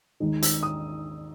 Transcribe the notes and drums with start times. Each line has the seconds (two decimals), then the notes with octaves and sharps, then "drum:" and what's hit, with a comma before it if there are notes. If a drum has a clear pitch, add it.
0.20 D#2 D#3 G#3 D#4
0.42 E6, drum: hi-hat
0.63 D#6